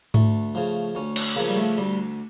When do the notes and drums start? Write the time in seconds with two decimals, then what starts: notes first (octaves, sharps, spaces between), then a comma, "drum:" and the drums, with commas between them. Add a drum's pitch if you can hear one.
0.14 D2 A3, drum: tom G#2
0.55 C#3 F3
0.95 D2 C#4
1.16 C#4, drum: cymbal
1.36 C#3 F3 A#3
1.49 G3
1.57 A3
1.78 D2 G3